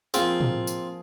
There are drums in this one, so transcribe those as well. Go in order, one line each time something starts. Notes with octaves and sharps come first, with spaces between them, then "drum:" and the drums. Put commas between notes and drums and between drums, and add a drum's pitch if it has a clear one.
F3 A#3 C4 F4 G#4, drum: tambourine
drum: tom A2
drum: tambourine